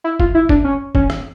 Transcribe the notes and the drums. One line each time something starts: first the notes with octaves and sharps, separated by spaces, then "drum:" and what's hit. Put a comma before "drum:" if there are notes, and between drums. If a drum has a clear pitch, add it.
E4
F4, drum: kick
E4
D4, drum: kick
C#4
C#4, drum: kick
drum: rim click